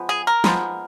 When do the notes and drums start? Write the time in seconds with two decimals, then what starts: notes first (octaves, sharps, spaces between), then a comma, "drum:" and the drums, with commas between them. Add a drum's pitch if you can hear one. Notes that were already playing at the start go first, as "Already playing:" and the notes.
Already playing: F3 G#3 B3
0.09 G#4
0.27 A#4
0.44 F3 G#3 B3, drum: snare